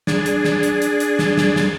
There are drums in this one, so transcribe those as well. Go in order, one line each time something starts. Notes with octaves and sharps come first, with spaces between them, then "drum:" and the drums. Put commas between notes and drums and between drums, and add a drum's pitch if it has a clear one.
D4 G#4, drum: snare
drum: hi-hat
drum: snare
drum: hi-hat
drum: hi-hat
drum: hi-hat
drum: snare
drum: snare
drum: snare